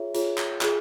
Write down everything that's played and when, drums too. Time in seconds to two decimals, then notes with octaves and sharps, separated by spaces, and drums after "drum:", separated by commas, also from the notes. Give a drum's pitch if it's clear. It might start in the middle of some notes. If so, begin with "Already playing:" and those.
Already playing: F4 G#4 C#5 E5
0.14 F4 G#4 C#5, drum: hi-hat
0.38 drum: clap
0.61 F4 G#4, drum: clap